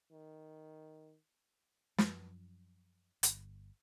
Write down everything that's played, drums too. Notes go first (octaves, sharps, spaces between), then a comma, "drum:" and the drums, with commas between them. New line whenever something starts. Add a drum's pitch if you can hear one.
D#3
F#2 F3, drum: snare
G1, drum: hi-hat